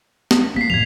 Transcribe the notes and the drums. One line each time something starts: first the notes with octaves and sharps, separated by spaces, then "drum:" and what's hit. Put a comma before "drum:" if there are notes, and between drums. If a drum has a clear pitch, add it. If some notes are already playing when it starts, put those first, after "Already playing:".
drum: snare
A#3 B6 C7
F2 A2 F3 G#6 F7